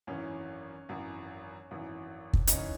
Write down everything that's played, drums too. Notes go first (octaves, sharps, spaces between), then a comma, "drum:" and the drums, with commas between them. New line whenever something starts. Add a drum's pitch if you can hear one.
G#1 F#2 E3 C#4
G#1 F#2 E3
G#1 F#2 E3
drum: kick
D#4, drum: hi-hat
G#1 E3 C#4